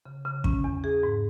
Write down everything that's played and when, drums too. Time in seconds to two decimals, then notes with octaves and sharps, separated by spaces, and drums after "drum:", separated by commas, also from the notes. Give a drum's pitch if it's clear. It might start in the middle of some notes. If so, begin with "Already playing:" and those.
0.06 C#3
0.25 C#3
0.44 C#4, drum: kick
0.64 E2
0.84 G#4
1.03 G#2